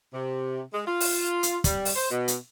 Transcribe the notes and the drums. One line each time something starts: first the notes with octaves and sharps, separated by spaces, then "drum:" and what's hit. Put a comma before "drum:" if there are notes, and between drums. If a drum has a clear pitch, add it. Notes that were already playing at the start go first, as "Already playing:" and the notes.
C3
G#3
F4
drum: open hi-hat
drum: hi-hat
G3, drum: kick, hi-hat
drum: open hi-hat
C5
B2
drum: hi-hat